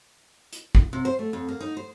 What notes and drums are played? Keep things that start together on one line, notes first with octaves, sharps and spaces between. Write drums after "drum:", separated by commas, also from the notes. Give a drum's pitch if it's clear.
drum: hi-hat
drum: kick
C3
C5
A3
F2
A#3
D#4
C5